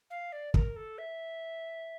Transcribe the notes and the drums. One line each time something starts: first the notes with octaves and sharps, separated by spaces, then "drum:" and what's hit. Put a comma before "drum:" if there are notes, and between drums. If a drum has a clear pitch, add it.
F5
D5
A#4, drum: kick
A4
E5